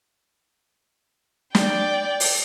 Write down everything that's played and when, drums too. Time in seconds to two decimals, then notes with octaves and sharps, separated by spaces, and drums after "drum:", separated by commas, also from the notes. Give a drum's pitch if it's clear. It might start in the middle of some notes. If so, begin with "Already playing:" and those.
1.55 D5 G5, drum: snare
2.20 drum: open hi-hat